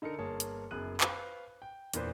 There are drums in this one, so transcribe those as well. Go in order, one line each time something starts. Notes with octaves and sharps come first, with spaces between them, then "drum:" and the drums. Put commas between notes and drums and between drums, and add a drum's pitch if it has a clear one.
D3 D#4 A4 A#4 C#7
G1 A#3 G#4 C#5 A5
drum: hi-hat
F#1 F#2 B3 G#4 F#6 D#7
B4 C5 F5 B5, drum: clap
G5
E2 A#2 D4 B4 C5, drum: hi-hat